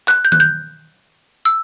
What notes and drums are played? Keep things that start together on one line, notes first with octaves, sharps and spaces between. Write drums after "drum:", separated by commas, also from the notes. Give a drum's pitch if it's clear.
F#6, drum: clap
G6
F#6, drum: tom D#3
G6
E6